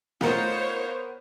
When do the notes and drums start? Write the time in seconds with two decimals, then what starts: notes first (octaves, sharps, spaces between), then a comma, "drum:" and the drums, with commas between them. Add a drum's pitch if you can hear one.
0.21 B3 D#4 F4 A#4 C5 C#5 C#7, drum: snare